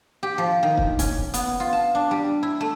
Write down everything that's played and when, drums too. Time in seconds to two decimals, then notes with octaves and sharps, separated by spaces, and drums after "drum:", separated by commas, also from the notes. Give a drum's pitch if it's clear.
0.23 G4
0.38 F3
0.63 D#3
0.77 drum: kick
0.99 C#4, drum: kick, hi-hat
1.34 B3, drum: hi-hat
1.60 F4
1.73 A5
1.95 D4
2.11 G3
2.43 E4
2.61 A3